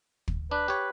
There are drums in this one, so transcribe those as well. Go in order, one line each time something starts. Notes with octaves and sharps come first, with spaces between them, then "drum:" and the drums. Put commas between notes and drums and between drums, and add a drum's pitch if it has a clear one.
drum: kick
D4 B4
G4 C#5